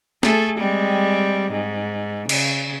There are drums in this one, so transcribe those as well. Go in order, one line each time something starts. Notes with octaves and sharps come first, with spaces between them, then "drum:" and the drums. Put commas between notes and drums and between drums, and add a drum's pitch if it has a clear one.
A3 G#4 A4, drum: snare
G3 G#3 C4
G#2
C#3, drum: cymbal